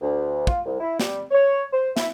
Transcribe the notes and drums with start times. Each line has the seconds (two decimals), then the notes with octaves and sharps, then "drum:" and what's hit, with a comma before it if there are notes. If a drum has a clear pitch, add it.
0.01 D2
0.47 F4, drum: kick
0.65 C2
0.80 E4
1.00 G3, drum: snare
1.31 C#5
1.72 C5
1.97 E4, drum: snare